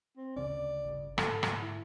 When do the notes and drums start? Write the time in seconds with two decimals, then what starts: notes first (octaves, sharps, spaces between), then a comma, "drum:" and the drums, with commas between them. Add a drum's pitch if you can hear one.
0.17 C4
0.36 D2 C#3 C#4 D5
0.84 G1 C#3
1.18 G#2 D3 A4, drum: rim click
1.43 drum: rim click
1.62 E4